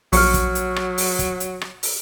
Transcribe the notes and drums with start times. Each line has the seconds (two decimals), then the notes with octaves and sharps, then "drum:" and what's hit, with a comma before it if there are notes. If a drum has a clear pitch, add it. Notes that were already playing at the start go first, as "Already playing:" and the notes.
0.13 A#1 F#3 C#6 F6 C#7, drum: open hi-hat
0.34 drum: kick, hi-hat
0.55 drum: hi-hat
0.76 drum: rim click
0.98 drum: open hi-hat
1.19 drum: kick, hi-hat
1.40 drum: hi-hat
1.61 drum: rim click
1.83 drum: open hi-hat